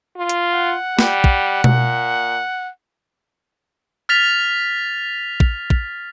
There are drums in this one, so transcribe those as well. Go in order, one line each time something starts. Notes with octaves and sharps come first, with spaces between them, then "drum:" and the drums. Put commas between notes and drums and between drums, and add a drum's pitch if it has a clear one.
F4
drum: hi-hat
F#5
G3, drum: snare
drum: kick
A#2, drum: tom B2
F6 A6 B6 F7
drum: kick
drum: kick